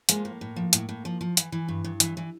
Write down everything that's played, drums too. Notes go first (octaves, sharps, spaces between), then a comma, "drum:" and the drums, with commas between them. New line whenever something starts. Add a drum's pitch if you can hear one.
F3 G#3 A#3, drum: hi-hat
A2
A2
F3
A2, drum: hi-hat
A2
F3
F3
E3, drum: hi-hat
E3
G2
G2
E3, drum: hi-hat
E3